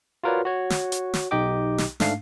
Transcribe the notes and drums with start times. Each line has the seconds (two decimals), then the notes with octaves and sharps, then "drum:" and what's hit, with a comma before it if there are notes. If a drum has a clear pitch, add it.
0.23 F4 F#4 A#4 B4 C#5 D5
0.45 F#4 C#5
0.70 drum: snare
0.92 drum: hi-hat
1.14 drum: snare
1.31 B1 D#4 G4 D#5 G5 D6
1.78 drum: snare
2.00 G#2 A3 D4 F5 C7, drum: snare